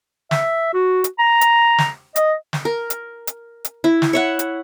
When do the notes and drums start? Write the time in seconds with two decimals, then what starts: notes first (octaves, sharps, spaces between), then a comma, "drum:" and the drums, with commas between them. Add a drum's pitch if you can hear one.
0.31 E5, drum: snare
0.74 F#4
1.04 drum: hi-hat
1.19 A#5
1.41 drum: hi-hat
1.78 drum: snare
2.16 D#5, drum: hi-hat
2.53 drum: snare
2.65 A#4
2.90 drum: hi-hat
3.27 drum: hi-hat
3.65 drum: hi-hat
3.84 E4
4.02 drum: snare
4.13 C#5 E5 F#5
4.39 drum: hi-hat